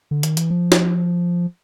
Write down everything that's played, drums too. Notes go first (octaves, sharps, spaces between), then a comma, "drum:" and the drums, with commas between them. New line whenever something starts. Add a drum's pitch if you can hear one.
D3
D#3, drum: hi-hat
E3, drum: hi-hat
F3
drum: snare